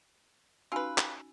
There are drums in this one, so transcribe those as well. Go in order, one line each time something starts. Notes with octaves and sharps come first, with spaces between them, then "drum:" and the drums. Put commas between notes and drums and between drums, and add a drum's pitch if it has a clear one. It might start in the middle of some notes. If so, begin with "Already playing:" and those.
C#4 D#4 F4 F#4 B4 G#5 B5 E6
drum: clap